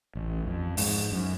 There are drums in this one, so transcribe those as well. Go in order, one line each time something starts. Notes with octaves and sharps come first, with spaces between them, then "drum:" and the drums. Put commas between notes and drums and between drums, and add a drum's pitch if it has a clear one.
A1
F2
G#2, drum: open hi-hat
F#2